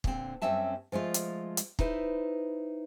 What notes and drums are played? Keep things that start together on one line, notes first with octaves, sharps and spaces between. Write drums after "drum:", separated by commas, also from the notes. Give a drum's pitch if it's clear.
A#2 D3 C4, drum: kick
F#2 G3 C4 C#4 E5 A5
F3 G#3 A3 F4
drum: hi-hat
drum: hi-hat
D#4 E4 B4 C5, drum: kick